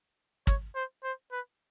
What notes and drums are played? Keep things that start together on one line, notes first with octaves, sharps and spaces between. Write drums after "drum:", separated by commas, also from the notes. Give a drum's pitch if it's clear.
C#5, drum: kick
C5
C5
B4